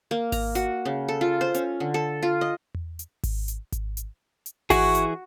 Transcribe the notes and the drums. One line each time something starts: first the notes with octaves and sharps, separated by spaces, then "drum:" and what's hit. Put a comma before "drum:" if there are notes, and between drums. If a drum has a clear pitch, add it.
A#3
A#5, drum: kick G#1, open hi-hat
F#4, drum: hi-hat
C#3
A4
F4
C5
C#4, drum: hi-hat
D3
A4
F4
D#5
drum: tom E2
drum: hi-hat
drum: kick G#1, open hi-hat
drum: hi-hat
drum: kick G#1, hi-hat
drum: hi-hat
drum: hi-hat
E3 E4 F#4 G#4, drum: kick G#1, open hi-hat
drum: hi-hat